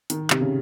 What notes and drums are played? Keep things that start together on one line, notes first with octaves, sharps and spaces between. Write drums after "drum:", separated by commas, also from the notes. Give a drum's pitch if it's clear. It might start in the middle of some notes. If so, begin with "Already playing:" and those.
D#3, drum: hi-hat
C3, drum: clap
C#3